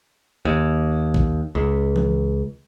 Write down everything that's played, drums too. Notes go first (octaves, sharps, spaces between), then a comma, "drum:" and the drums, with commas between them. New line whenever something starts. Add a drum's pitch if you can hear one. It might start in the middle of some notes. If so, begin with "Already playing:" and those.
D#2
drum: kick A#1
C#2
drum: tom E3